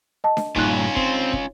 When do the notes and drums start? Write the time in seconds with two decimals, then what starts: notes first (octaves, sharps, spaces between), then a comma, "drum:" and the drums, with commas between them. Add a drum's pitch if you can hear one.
0.24 D#5 A5
0.37 drum: snare D4
0.56 G2 A#2 C#4 D#4 F4 F#6, drum: kick
0.96 C4, drum: kick
1.33 drum: kick